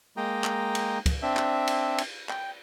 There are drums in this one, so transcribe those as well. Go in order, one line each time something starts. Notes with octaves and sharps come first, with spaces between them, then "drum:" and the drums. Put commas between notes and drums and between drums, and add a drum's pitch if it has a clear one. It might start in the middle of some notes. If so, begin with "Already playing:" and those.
G#3 A#3 D#5 G5 A#5
drum: clap
drum: cymbal
drum: kick, cymbal
C4 D4 E5
drum: clap
drum: cymbal
drum: cymbal
G5, drum: clap